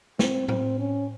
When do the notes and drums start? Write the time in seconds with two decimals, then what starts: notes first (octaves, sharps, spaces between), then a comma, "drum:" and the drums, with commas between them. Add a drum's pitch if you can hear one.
0.19 C4, drum: snare
0.48 C4, drum: tom A2
0.79 C#4